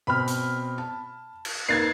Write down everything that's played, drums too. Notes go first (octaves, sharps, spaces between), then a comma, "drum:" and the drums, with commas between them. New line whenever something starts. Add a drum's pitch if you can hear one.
B2 C4 B5 F6
drum: hi-hat
A5
drum: cymbal
A#3 D#4 B4 G#6 A6 C7